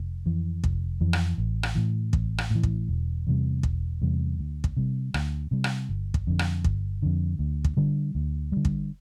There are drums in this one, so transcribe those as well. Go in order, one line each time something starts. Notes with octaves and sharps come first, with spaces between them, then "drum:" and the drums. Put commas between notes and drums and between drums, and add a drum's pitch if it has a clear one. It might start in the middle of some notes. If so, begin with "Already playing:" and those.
Already playing: F1
F2 E3
F1, drum: kick
F2 E3
drum: rim click
A1
drum: rim click
A2 E3
A1, drum: kick
drum: rim click
A2 E3
drum: kick
E1
E2 C3 G3
E1, drum: kick
E2 C3 G3
D2
drum: kick
C3 G3
D2, drum: rim click
C3 G3
drum: rim click
G1
drum: kick
F2 D3
drum: rim click
G1, drum: kick
F2 D3
D2
drum: kick
D3 G3
D2
D3 G3
drum: kick